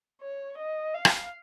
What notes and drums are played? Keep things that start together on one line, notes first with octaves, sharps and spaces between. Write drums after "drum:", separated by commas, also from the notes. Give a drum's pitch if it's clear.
C#5
D#5
F5
drum: rim click